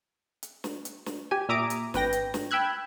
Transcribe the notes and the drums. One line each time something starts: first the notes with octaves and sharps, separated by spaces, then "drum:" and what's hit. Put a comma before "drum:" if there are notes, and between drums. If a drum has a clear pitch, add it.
drum: hi-hat
drum: snare
drum: hi-hat
drum: snare
G4 G#5
A#2 E5 A#5 D6 D#6 D7
drum: hi-hat
G#1 B4 G5 A#6, drum: snare
drum: hi-hat
drum: snare
G5 B5 E6 F#6 G#6